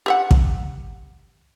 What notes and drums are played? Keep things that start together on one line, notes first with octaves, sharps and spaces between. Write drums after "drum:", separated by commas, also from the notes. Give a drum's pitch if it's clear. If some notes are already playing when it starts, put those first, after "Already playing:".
G4 E5 F#5
drum: kick